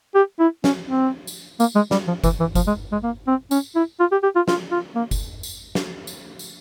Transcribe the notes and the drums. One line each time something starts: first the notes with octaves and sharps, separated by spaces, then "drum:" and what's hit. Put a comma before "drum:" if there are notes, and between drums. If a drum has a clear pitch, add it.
G4
E4
C#4, drum: snare
C4
drum: tambourine
A#3, drum: tambourine
G#3
G3, drum: snare
F3
E3, drum: kick F#1, tambourine
E3
F3, drum: kick F#1, tambourine
G#3
G#3
A#3
C4
C#4, drum: tambourine
E4
F4
G4
G4
F4
F4, drum: snare
F4
A#3
drum: kick F#1, tambourine
drum: tambourine
drum: snare
drum: tambourine
drum: tambourine